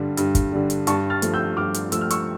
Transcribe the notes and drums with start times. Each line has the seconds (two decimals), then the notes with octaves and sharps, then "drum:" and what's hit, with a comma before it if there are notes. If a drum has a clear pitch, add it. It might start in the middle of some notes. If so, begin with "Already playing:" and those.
Already playing: G2 D3 G3
0.17 G2, drum: hi-hat
0.35 drum: kick, hi-hat
0.52 D3 G3
0.70 drum: hi-hat
0.87 G2 A5 C#6, drum: hi-hat
1.10 F6 A6
1.22 F3 A3, drum: hi-hat
1.34 E6 G6
1.57 G2 D6 F6
1.74 drum: hi-hat
1.92 F3 A3 E6, drum: hi-hat
2.01 F6
2.10 C#6 E6, drum: hi-hat